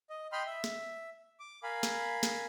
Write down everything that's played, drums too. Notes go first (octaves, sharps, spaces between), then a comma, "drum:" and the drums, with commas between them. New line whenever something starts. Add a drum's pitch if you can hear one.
D#5
D#5 G5 B5 C6 F6
E5
drum: snare
D6
A#4 F5 G#5 B5
drum: snare
drum: snare